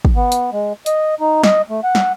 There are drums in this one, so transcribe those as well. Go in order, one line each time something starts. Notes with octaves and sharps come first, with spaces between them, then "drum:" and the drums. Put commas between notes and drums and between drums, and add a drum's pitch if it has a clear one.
drum: kick
B3
drum: hi-hat
G#3
D#5, drum: hi-hat
D#4
D#5, drum: snare
A3
F#5
drum: snare